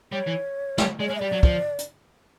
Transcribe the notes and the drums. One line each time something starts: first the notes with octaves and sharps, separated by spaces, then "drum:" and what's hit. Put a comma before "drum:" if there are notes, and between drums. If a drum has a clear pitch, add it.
G3 C#5
E3
G3, drum: snare
G#3 D5
C#5
G#3
E5
G3 D5
F#3
F3, drum: kick
drum: hi-hat